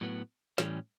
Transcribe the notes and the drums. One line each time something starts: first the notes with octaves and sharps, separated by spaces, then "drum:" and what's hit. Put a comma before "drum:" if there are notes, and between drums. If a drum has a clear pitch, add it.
A2 F#3 B3
A2 E3 G3 C#4, drum: snare